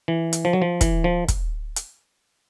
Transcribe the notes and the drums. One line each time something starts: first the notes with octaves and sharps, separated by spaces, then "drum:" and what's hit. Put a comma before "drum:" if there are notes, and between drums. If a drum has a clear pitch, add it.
E3
drum: hi-hat
F3
F#3
F3
E3, drum: kick, hi-hat
F3
drum: kick, hi-hat
drum: hi-hat